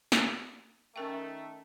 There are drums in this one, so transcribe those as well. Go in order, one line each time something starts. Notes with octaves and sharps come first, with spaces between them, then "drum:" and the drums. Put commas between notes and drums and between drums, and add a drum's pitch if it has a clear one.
drum: snare
D#3 A3 C#4 A#4 G5